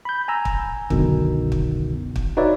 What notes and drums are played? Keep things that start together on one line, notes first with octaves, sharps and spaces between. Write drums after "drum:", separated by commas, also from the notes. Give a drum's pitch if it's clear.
B5 G6
G#5 A#5 E6
drum: kick
C2 F#2 B2 D3 D#3, drum: kick
drum: kick
drum: kick
D#4 F#4 B4 C#5 D5 E5